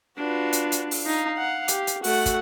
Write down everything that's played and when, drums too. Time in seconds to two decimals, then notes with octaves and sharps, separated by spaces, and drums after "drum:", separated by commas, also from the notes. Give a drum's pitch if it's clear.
0.18 D4 F4 F#4 B4
0.53 drum: hi-hat
0.72 drum: hi-hat
0.91 drum: open hi-hat
1.06 D#4 F5
1.38 F#5
1.68 G4, drum: hi-hat
1.87 drum: hi-hat
2.04 A3 F#4 F#5, drum: open hi-hat
2.26 drum: kick, hi-hat